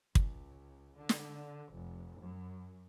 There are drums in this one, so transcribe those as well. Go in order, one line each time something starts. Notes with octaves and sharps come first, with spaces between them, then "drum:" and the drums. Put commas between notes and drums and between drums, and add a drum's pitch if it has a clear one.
C#2, drum: kick
D3
drum: snare
F1
F#2